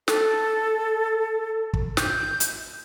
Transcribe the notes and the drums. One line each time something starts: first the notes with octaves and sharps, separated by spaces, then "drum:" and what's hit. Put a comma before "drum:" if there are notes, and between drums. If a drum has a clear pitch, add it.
A4, drum: snare
drum: kick
G6, drum: snare
drum: hi-hat